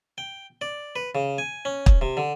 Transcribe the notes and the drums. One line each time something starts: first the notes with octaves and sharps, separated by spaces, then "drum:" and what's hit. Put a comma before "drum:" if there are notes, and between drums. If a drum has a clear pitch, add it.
G5
D5
B4
C#3
G#5
C#4
drum: kick
C3
D3